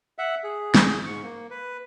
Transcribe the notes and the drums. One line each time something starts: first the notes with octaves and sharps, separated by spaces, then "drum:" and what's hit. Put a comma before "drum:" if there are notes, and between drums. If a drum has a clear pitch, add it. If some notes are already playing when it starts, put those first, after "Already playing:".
E5 F#5
G#4
drum: snare
G#2 C#6
A#3
B4